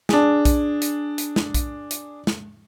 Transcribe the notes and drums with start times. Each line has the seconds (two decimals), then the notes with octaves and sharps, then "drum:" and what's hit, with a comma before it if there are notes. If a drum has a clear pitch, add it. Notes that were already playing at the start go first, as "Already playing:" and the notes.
0.09 D4 G#4, drum: snare
0.45 drum: kick A#1, hi-hat
0.82 drum: hi-hat
1.18 drum: hi-hat
1.36 drum: snare
1.54 drum: kick A#1, hi-hat
1.91 drum: hi-hat
2.27 drum: snare